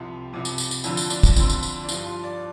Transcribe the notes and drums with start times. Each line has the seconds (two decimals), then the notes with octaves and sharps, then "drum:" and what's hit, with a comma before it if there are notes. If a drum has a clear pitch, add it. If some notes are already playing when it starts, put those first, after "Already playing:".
Already playing: C2 C3 F3 G4
0.32 C2 C3 F3
0.45 drum: tambourine
0.58 drum: tambourine
0.71 drum: tambourine
0.84 F2 D3 F3 F4, drum: tambourine
0.97 drum: tambourine
1.10 D4, drum: tambourine
1.23 drum: kick, tambourine
1.36 F2 D3 F3 C4, drum: tambourine
1.50 drum: tambourine
1.63 drum: tambourine
1.84 D4
1.89 G2 F3 F4, drum: tambourine
2.06 F4
2.24 D5